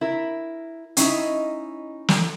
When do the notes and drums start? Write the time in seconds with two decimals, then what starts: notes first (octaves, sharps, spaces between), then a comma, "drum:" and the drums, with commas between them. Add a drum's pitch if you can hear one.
0.01 E4 A#4
0.97 C#4 D#4 E4 D#5, drum: hi-hat
2.09 drum: snare